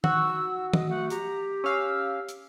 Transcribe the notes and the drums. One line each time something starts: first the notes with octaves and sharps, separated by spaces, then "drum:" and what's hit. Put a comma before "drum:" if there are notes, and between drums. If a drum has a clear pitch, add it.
D#4 F#4 E6, drum: tom
D#5, drum: tom
A3 F#5
G4 A#5, drum: hi-hat
C#4 F5 E6
drum: hi-hat